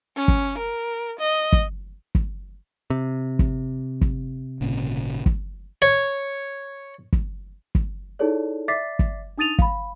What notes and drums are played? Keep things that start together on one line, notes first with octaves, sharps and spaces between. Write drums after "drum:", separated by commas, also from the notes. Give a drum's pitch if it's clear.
C#4
drum: kick
A#4
D#5
drum: kick
drum: kick
C3
drum: kick
drum: kick
G#1 A#2 C#3
drum: kick
C#5
drum: kick
drum: kick
D#4 E4 G#4 A4 C#5 D5
D5 E5 D6 A6 B6 C7
drum: kick
D4 D#4 D#6 A6 D#7 F7
F5 B5, drum: kick